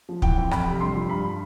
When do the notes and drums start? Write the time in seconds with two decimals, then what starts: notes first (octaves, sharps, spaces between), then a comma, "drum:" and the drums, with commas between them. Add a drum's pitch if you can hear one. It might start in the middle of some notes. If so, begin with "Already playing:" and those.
0.09 F3
0.22 E3 G5, drum: kick
0.38 F2
0.51 F2 B5, drum: rim click
0.66 C3
0.80 G2 C6
0.95 F3
1.10 G2 B5